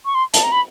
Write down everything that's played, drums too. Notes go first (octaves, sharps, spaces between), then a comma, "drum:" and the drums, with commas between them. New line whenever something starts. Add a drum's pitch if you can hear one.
C#6
C6
A5, drum: hi-hat
A#5
B5